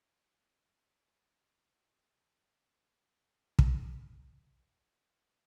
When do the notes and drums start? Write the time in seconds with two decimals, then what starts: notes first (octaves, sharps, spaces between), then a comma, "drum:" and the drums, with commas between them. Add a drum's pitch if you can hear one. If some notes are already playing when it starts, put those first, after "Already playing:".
0.21 E2 G#3
1.29 D3
1.45 C#2
1.64 E3
1.93 D3
2.07 C3
2.22 A#3
2.40 D#1
2.57 G#2
2.78 C3
2.94 E2
3.12 D#4
3.37 A#3
3.59 drum: kick
4.63 D5
4.95 D#6